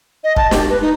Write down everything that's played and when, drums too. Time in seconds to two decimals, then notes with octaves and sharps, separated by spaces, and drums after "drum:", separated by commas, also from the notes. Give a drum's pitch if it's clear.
0.24 D#5
0.36 A5, drum: kick
0.51 G4, drum: snare
0.70 B4
0.82 D#4